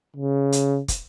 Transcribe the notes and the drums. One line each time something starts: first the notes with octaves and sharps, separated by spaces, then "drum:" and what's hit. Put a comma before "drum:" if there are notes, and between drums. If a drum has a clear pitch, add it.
C#3
drum: hi-hat
drum: kick, hi-hat